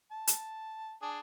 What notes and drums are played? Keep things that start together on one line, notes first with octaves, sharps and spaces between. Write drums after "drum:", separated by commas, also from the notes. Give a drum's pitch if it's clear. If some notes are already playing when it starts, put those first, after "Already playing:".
A5
drum: hi-hat
D4 G#4